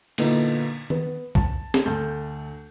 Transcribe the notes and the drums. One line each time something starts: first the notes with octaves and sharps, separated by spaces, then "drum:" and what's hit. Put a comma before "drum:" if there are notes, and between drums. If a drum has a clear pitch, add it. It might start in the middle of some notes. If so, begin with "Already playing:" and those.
A#2 D3 A#3 B3 D#4 E4, drum: cymbal
B3, drum: tom D#3
A5, drum: kick B1
drum: snare
D2 A3 A5 G6